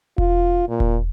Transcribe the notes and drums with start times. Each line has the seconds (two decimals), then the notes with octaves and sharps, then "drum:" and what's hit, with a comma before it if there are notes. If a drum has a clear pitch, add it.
0.18 F4, drum: kick E1
0.69 A#2
0.80 drum: kick E1